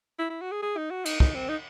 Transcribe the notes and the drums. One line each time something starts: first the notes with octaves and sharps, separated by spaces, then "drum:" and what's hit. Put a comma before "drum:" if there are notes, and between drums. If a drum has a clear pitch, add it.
E4
E4
F#4
G#4
G#4
D#4
F#4
D#4, drum: cymbal
D#4, drum: kick
C4
D#4